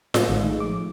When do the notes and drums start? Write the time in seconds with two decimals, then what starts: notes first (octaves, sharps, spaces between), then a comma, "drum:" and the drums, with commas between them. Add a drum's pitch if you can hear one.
0.14 A2 B4, drum: snare F4
0.28 A#1 D#3 G#3
0.44 A3 D#4 G#4
0.60 F3 A3 D6